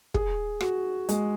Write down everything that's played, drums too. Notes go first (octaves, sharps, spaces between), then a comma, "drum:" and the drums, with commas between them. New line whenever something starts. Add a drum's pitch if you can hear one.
G#4, drum: kick
F#4, drum: rim click
G#3, drum: hi-hat